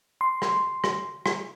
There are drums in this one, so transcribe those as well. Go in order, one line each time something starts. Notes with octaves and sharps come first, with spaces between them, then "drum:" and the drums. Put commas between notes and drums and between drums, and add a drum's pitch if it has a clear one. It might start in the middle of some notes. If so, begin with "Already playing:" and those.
C6
drum: rim click
drum: rim click
drum: rim click